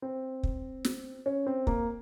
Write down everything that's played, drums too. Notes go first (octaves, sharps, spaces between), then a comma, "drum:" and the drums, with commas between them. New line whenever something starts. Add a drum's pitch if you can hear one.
C4
drum: kick
drum: snare
C#4
C4
A#3, drum: kick